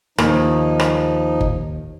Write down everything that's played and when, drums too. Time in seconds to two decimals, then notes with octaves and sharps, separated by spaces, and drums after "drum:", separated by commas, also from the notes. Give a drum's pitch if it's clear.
0.18 D#2 F3 D#4, drum: rim click
0.79 drum: rim click
1.41 drum: kick G1